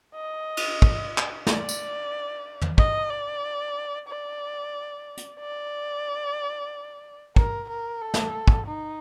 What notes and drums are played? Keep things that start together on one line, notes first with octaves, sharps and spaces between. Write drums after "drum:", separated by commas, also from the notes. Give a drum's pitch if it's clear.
D#5
drum: cymbal
drum: kick
drum: clap
D5, drum: snare
drum: tambourine
drum: tom
D#5, drum: kick
D5
D5
drum: hi-hat
D5
A#4, drum: kick
A#4
A4
drum: snare
drum: kick
D#4